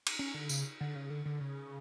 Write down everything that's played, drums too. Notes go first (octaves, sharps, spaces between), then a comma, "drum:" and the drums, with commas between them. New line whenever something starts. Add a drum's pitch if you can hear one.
drum: cymbal
C#4
D3
C#3, drum: tambourine
D3
C#3
D3
D3
C#3